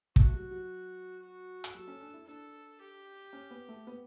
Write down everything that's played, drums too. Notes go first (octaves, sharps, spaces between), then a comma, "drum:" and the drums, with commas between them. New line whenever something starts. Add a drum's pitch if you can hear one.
A3 F#4, drum: kick
F#3
F#3
F#4
drum: hi-hat
F#3 A4
C#4
D4
E4
D4 A4
G4
C#4
B3
A3
B3